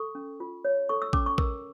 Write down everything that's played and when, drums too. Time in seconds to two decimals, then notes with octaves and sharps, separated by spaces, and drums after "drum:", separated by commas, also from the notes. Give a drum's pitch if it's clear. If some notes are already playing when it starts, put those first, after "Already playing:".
Already playing: A4 C#6
0.15 C#4
0.40 F4
0.65 C#5
0.89 A4 C#6
1.02 E6
1.13 C#4 D6, drum: kick A#1
1.26 C#6
1.38 A#4 E6, drum: kick A#1